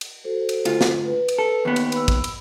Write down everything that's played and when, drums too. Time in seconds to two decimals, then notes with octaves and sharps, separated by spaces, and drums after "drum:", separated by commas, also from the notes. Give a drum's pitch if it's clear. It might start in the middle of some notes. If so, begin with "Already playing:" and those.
0.01 drum: cymbal
0.24 F#4 A4 C5
0.49 drum: cymbal
0.65 D2 F4, drum: cymbal
0.81 drum: snare
1.05 B4
1.28 drum: cymbal
1.38 A4
1.65 D#2 B3
1.76 drum: cymbal
1.92 B5 E6, drum: cymbal
2.08 drum: kick, cymbal
2.24 drum: cymbal